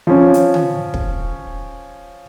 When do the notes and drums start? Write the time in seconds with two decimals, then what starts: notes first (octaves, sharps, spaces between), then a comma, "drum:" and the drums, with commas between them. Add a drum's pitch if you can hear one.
0.07 F3 C#4
0.34 drum: hi-hat
0.54 drum: tom D3
0.94 drum: kick